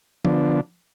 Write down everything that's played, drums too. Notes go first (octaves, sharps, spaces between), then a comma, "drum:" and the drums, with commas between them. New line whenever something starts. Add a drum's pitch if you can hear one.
D3 F3 B3 D4, drum: tom F3